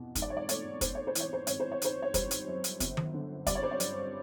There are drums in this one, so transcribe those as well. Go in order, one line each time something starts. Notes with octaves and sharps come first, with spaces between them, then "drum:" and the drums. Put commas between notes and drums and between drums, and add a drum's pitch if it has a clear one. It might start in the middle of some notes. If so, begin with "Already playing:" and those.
Already playing: E2 B2
G#2, drum: kick, hi-hat
D5
C#5
D5
A3 C#5, drum: hi-hat
C4 C5, drum: kick, hi-hat
C#5
C5
E3, drum: hi-hat
C#5
C5
G#1 C#5, drum: hi-hat
C5
C#5
D#3 C5, drum: hi-hat
C#5
G3 C5, drum: kick, hi-hat
drum: hi-hat
F#2
drum: hi-hat
G1, drum: kick, hi-hat
drum: tom D#3
D3
G3 D5, drum: kick, hi-hat
C#5
C5
C#5
G2, drum: hi-hat